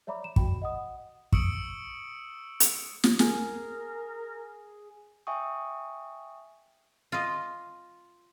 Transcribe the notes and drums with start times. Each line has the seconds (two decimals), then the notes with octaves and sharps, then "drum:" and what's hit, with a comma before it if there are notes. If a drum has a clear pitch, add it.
0.07 C#5 D5 E5 A#5 B5 D6
0.24 E7
0.36 F#4 G5 B5, drum: kick
0.62 D#5 F#5 D#6
1.33 C#6 D#6 E6 C#7 D7 F#7, drum: kick
2.60 drum: hi-hat
3.04 drum: snare
3.19 G#4 A#4, drum: snare
5.27 E5 G5 G#5 C#6 D#6
7.12 F4 D#5